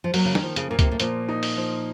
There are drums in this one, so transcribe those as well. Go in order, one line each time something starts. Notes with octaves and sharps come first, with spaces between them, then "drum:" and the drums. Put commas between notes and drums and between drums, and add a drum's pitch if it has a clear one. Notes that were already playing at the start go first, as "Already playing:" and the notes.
F3
F#3 A#3, drum: open hi-hat
C#3
D#3, drum: snare
F3
C#3, drum: hi-hat
A#2 A#3
C3, drum: kick C#2, hi-hat
A2
A#2 F3, drum: hi-hat
D#4
drum: open hi-hat
F3